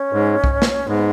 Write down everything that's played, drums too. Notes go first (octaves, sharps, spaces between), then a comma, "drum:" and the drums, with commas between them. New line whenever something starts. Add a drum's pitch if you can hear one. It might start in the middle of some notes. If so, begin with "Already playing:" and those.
Already playing: C#4
G#2
drum: kick
drum: snare
G#2 B3